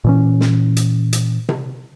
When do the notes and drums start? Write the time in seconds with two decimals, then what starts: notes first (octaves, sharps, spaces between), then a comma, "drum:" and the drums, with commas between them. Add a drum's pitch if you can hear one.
0.04 A#2 E3 C#4
0.40 drum: snare
0.77 drum: hi-hat
1.13 drum: hi-hat
1.49 drum: tom C3